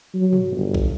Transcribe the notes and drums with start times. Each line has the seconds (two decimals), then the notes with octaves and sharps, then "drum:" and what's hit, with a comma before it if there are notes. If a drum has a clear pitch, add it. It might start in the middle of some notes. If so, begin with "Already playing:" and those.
0.14 F#3
0.33 drum: tom
0.51 G1
0.74 drum: kick A#1